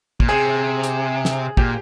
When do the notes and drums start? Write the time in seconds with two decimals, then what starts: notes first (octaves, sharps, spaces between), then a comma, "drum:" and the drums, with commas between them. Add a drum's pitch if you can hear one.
0.20 A#2, drum: kick
0.29 C3 G#4
0.84 drum: hi-hat
1.25 drum: snare
1.57 A#2 G4, drum: kick